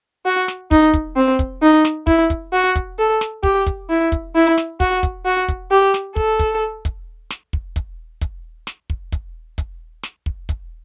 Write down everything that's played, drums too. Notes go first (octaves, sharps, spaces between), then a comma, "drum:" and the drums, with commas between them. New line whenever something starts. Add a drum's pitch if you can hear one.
F#4
drum: snare
D#4, drum: kick
drum: kick, hi-hat
C4
drum: kick, hi-hat
D#4
drum: snare
E4, drum: kick
drum: kick, hi-hat
F#4
drum: kick, hi-hat
A4
drum: snare
G4, drum: kick
drum: kick, hi-hat
E4
drum: kick, hi-hat
E4
drum: snare
F#4, drum: kick
drum: kick, hi-hat
F#4
drum: kick, hi-hat
G4
drum: snare
A4, drum: kick
drum: kick, hi-hat
drum: kick, hi-hat
drum: snare
drum: kick
drum: kick, hi-hat
drum: kick, hi-hat
drum: snare
drum: kick
drum: kick, hi-hat
drum: kick, hi-hat
drum: snare
drum: kick
drum: kick, hi-hat